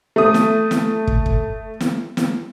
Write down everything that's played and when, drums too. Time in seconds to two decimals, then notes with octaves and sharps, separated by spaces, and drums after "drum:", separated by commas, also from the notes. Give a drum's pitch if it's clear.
0.16 A3 D#6
0.34 drum: snare
0.71 drum: snare
1.07 drum: kick
1.26 drum: kick
1.81 drum: snare
2.17 drum: snare